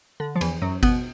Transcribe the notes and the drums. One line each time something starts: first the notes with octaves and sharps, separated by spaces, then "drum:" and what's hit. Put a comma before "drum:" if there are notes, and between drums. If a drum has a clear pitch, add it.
D3
F3
E2 E3, drum: cymbal
F#2 F#3
B2 B3, drum: kick G1, cymbal